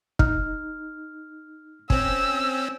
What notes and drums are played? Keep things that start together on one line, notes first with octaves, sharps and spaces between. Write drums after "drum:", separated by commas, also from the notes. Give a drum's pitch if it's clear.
D#4 F6, drum: kick
C4 C#4 E6, drum: kick